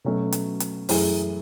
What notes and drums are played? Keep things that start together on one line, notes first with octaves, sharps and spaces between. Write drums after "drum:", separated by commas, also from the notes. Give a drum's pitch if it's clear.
B2 F#3 A3 C#4
drum: hi-hat
drum: hi-hat
F#2 E3 A3 E4 G#4, drum: open hi-hat